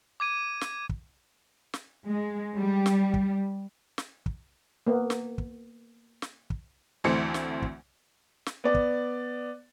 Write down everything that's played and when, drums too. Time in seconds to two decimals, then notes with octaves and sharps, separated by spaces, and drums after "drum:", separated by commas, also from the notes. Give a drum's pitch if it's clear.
0.20 D6 G#6 D#7
0.61 drum: snare
0.89 drum: kick
1.74 drum: snare
2.05 G#3
2.58 G3
2.86 drum: snare
3.14 drum: kick
3.98 drum: snare
4.26 drum: kick
4.87 A#3 B3
5.10 drum: snare
5.38 drum: kick
6.22 drum: snare
6.50 drum: kick
7.04 D2 E3 A3 C4 C5 C#7
7.34 drum: snare
7.62 drum: kick
8.46 drum: snare
8.64 B3 D5
8.74 drum: kick